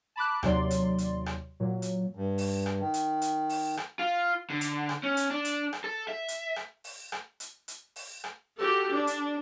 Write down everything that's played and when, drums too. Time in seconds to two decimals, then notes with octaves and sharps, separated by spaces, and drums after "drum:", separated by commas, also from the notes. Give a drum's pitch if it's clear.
0.16 A5 B5 D6 F#6
0.43 D#2 C3 F#3 D5 C6, drum: rim click
0.71 drum: hi-hat
0.98 drum: hi-hat
1.26 drum: rim click
1.60 A#2 F#3
1.82 drum: hi-hat
2.15 G2
2.38 drum: open hi-hat
2.66 drum: rim click
2.81 D#3
2.94 drum: hi-hat
3.22 drum: hi-hat
3.49 drum: open hi-hat
3.77 drum: rim click
3.99 F4
4.50 D3
4.61 drum: hi-hat
4.89 drum: rim click
5.03 C#4
5.17 drum: hi-hat
5.30 D4
5.45 drum: hi-hat
5.73 drum: rim click
5.84 A4
6.08 E5
6.28 drum: hi-hat
6.56 drum: rim click
6.84 drum: open hi-hat
7.12 drum: rim click
7.40 drum: hi-hat
7.68 drum: hi-hat
7.96 drum: open hi-hat
8.24 drum: rim click
8.58 F#4 G4 A4
8.90 D4
9.07 drum: hi-hat